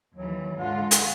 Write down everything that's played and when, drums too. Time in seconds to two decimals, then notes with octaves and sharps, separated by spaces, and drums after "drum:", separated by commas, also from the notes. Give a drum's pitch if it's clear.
0.16 D#2 E3 F#3
0.59 G#2 D3 F4 F#5
0.91 drum: hi-hat